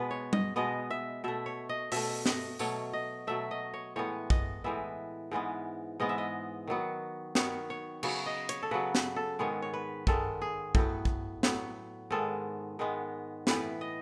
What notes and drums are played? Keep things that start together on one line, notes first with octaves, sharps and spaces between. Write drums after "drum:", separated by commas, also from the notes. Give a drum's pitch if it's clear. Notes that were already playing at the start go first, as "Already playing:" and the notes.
Already playing: B2 G#3 B3 B4
C#5
D#5, drum: tom G3
B2 G#3 B3 D#5
E5
B2 A3 E5
C#5
D#5
B2 A3 E5, drum: open hi-hat
D#5, drum: snare
B2 F#3 A3 C#5, drum: tambourine
D#5
B2 F#3 A3 E5
D#5
C#5
A2 E3 G#3 B3 C#5
D#5, drum: kick
A2 E3 G#3 B3 E5
G#2 E3 G#3 B3
G#2 E3 G#3 B3 D#5
E5
D#5
D#3 F#3 B3
D#3 F#3 B3 C#5, drum: snare
C#5
C#3 F#3 B3 C#5, drum: cymbal
D#5
C#5, drum: hi-hat
A4
C#3 F#3 B3 B4
B4, drum: snare
A4
G#2 D#3 G#3 B3 C#5
C#5
B4
G#2 D#3 G#3 B3 A4, drum: kick
G#4
A2 F#3 B3, drum: kick
drum: kick
A2 F#3 B3, drum: snare
G#2 D#3 G#3 B3 A4
G#2 D#3 G#3 B3
A2 E3 B3 B4, drum: snare
D#5